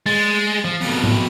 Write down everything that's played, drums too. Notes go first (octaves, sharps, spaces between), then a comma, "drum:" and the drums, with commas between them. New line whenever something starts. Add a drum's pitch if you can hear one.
G#3 A6, drum: open hi-hat
F3
F2 B2, drum: open hi-hat
drum: tom G#2